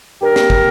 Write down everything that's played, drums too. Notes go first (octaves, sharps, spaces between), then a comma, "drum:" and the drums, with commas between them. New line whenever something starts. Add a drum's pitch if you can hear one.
G2 G4 A#4
A#3, drum: snare
drum: kick